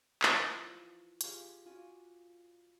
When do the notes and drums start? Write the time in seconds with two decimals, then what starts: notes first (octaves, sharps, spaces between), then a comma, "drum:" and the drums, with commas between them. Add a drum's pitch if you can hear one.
0.23 E3 F3, drum: clap
1.21 F4 G4 G#4, drum: hi-hat
1.66 F4 F#4 D5 G#5